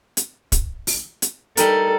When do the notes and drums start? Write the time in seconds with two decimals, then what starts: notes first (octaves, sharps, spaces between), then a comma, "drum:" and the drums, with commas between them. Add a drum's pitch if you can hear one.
0.17 drum: hi-hat
0.52 drum: kick, hi-hat
0.87 drum: open hi-hat
1.22 drum: hi-hat
1.57 G3 D#4 A4 A#4, drum: hi-hat